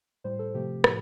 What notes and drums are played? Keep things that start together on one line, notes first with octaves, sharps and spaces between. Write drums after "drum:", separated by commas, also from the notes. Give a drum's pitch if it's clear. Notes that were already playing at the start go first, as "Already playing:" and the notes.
A2 G3 C5
A4
C3 F3 A3 G4
A2 F3, drum: rim click